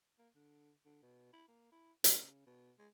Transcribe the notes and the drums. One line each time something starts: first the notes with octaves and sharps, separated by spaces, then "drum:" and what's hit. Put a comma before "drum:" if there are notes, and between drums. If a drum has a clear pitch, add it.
A#3
D3
D3
B2
E4
A#3
E4
C#3, drum: hi-hat
B2
G#3